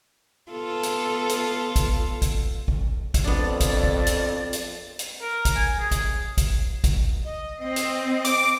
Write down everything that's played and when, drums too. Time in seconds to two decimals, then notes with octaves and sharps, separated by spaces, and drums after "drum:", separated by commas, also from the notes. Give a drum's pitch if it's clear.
0.52 B3 F4 A4
0.83 drum: hi-hat
1.29 drum: hi-hat
1.76 drum: kick, hi-hat
2.22 drum: kick, hi-hat
2.68 drum: kick
3.14 drum: kick, hi-hat
3.24 F2 B3 D4 D5
3.60 drum: kick, hi-hat
3.83 drum: kick
4.07 drum: hi-hat
4.53 drum: hi-hat
4.99 drum: hi-hat
5.22 A#4
5.45 drum: kick, hi-hat
5.56 G#5
5.79 G#4
5.91 drum: kick, hi-hat
6.38 drum: kick, hi-hat
6.84 drum: kick, hi-hat
7.25 D#5
7.60 C4 D#5
7.76 drum: hi-hat
8.25 D6, drum: hi-hat